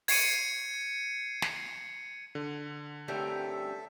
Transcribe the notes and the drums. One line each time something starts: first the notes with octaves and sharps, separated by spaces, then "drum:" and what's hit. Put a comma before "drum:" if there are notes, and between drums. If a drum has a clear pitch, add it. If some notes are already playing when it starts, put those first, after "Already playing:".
G#6 C7 C#7 D#7, drum: open hi-hat
drum: snare
D3
D2 G2 G3 C4 C#4 A4 A#4 E5